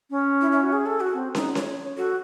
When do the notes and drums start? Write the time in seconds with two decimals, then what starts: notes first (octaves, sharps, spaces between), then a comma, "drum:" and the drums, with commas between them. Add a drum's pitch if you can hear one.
0.10 C#4
0.41 E4
0.52 E4
0.62 F#4
0.73 G#4
0.86 A4
1.00 F#4
1.14 C4
1.35 D#4, drum: snare
1.55 C#5, drum: snare
1.97 F#4 A4